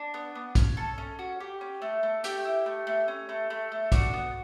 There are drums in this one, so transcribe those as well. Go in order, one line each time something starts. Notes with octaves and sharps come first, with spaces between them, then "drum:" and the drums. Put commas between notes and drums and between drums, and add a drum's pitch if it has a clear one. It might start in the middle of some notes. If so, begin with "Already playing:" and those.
Already playing: D4
B3
B3
C#4, drum: kick, hi-hat
A4
C#4
F#4
G4
C#4
A3
A3
A3 G4 G5, drum: hi-hat
E4
A3
A3
C#4
A3
A3
A3
D4 F#4 F#5, drum: kick, hi-hat
B3